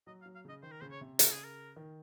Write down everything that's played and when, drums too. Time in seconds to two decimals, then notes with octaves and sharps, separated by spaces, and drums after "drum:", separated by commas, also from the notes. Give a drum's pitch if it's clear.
0.07 F#3 D#5
0.22 F5
0.26 F#3
0.35 F5
0.45 C#3 D#5
0.63 D#3 C5
0.71 A#4
0.81 C#3 C5
0.91 C#5
1.01 C3
1.19 C#3 A#4, drum: hi-hat
1.32 G#4
1.44 A#4
1.76 D#3